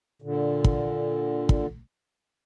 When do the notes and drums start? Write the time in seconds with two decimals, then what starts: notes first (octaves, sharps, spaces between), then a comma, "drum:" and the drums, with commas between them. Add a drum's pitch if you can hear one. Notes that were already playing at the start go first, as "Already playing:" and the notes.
0.22 A#2 D3
0.64 drum: kick
1.49 drum: kick